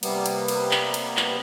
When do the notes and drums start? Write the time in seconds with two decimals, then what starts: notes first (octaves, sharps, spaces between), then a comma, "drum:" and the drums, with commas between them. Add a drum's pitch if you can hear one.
0.03 C3 G3 A#3 B3, drum: cymbal
0.26 drum: cymbal
0.48 drum: cymbal
0.71 drum: clap
0.94 drum: cymbal
1.17 drum: clap